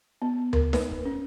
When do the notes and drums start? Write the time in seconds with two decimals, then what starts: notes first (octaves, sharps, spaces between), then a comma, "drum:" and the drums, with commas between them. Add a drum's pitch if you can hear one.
0.22 B3
0.53 A#4, drum: tom D2
0.73 B4, drum: snare D#4
0.91 drum: kick
1.05 C#4